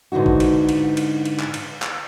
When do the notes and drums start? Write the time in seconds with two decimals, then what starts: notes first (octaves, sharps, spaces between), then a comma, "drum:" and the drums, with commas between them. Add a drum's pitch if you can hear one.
0.12 G#2 D3 E3 D#4 F#4
0.26 drum: kick G#1
0.40 drum: cymbal
0.69 drum: cymbal
0.97 drum: cymbal
1.25 drum: cymbal
1.40 drum: clap
1.54 drum: cymbal
1.82 drum: clap